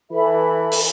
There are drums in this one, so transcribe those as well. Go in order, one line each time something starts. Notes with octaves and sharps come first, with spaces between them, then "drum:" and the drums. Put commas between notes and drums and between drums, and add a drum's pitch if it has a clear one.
E3 A4 E5 B5
drum: open hi-hat